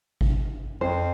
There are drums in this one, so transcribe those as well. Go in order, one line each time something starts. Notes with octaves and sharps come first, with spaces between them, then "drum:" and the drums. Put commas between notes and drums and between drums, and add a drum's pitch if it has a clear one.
drum: kick G#1
F2 C5